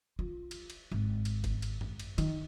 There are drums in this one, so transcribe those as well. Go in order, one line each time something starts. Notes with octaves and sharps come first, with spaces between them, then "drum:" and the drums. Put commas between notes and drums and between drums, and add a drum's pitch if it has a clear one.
F4
drum: cymbal
drum: cymbal
G#1
drum: cymbal
drum: kick F#1, cymbal
drum: cymbal
drum: tom F#2
drum: cymbal
D#3, drum: cymbal